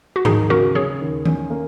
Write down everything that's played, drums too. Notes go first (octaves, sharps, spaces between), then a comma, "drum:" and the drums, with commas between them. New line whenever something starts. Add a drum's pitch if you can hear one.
F#4
D#2 D#4 G#4, drum: tom G#2
C#3 F#4 A#4
C#3 G#4 C#5
D#2
C#4, drum: tom D#3
A#3